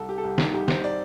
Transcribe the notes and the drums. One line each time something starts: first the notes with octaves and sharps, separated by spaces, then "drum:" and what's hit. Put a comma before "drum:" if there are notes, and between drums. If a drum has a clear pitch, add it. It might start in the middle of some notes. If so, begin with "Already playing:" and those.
Already playing: C2 A4
G4
A4
C2 G4
D#4, drum: snare
C2 G4
C5, drum: snare
D5